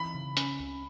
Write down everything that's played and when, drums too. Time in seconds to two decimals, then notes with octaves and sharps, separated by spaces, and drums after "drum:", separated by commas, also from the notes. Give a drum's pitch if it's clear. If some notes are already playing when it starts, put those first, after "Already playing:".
Already playing: E3 B5
0.15 C#3
0.37 C#4, drum: hi-hat
0.60 C#2